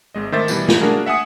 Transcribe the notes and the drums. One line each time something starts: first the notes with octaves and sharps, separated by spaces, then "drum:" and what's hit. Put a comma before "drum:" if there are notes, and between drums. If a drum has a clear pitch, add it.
G#1 G#3 D#5
D#3 A3 C5 E5 D6 A6
B2 E3 G3, drum: tambourine
drum: snare
A3 A#3 D4 F#4 G#4 A#4
E5 F#5 G#5 D#6 C#7